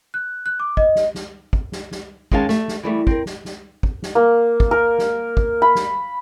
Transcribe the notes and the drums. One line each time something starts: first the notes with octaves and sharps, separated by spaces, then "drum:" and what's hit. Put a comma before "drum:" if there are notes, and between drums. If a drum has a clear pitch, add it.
F#6
F#6
D6
D#5, drum: kick
drum: snare
drum: snare
drum: kick
drum: snare
drum: snare
D#3 G#3 C#4 D#5 F5 A5, drum: kick
A3, drum: snare
drum: snare
E3 G3 A3
C4 A#4, drum: kick
drum: snare
drum: snare
drum: kick
drum: snare
A#3
drum: kick
A#4
drum: snare
drum: kick
B5
drum: snare